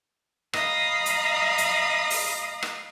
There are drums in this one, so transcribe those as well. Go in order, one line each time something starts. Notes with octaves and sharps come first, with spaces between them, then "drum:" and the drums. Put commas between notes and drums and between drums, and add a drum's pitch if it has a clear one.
D#5 F5 A#5 B5 D#6, drum: rim click
drum: hi-hat
drum: hi-hat
drum: open hi-hat
drum: rim click